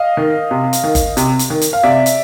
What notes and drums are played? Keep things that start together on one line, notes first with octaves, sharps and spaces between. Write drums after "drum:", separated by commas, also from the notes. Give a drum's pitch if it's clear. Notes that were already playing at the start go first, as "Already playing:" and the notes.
Already playing: D#5 F5
D#3
C3
drum: hi-hat
D#3
drum: kick G1, hi-hat
C3, drum: hi-hat
drum: hi-hat
D#3
drum: hi-hat
F5
C3 D5 E5
drum: hi-hat